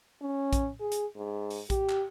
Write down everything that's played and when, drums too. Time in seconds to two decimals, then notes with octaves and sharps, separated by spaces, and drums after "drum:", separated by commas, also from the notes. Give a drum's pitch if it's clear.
0.21 C#4
0.53 drum: kick A#1, hi-hat
0.80 G#4
0.92 drum: hi-hat
1.16 G#2
1.50 drum: open hi-hat
1.70 G4, drum: kick A#1, hi-hat
1.90 drum: clap